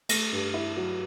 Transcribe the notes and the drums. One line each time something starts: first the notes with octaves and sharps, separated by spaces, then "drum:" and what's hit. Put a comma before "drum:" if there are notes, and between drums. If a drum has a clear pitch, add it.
A3, drum: cymbal
G2
E4
F#3